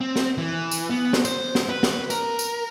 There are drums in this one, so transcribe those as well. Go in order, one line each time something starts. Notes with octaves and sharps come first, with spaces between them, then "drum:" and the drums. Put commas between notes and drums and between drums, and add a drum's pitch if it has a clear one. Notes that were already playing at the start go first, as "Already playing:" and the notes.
C4
drum: snare
E3
drum: tambourine
B3
drum: snare
C5, drum: tambourine
drum: snare
B4
drum: snare
A#4, drum: tambourine
drum: tambourine